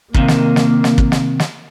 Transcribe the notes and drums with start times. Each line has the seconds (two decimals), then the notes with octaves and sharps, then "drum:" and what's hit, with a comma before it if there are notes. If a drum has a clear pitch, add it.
0.14 C3 D#3 A#3, drum: kick
0.28 drum: snare
0.56 drum: snare
0.84 drum: snare
0.98 drum: kick
1.12 drum: snare
1.40 drum: snare